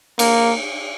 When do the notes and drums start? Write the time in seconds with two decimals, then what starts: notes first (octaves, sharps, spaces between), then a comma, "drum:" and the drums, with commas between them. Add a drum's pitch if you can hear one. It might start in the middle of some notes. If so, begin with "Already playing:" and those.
0.19 A#3, drum: cymbal